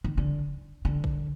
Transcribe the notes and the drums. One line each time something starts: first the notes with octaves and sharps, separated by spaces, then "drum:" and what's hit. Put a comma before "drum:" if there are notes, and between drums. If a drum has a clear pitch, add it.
D#3
D3
D3
drum: kick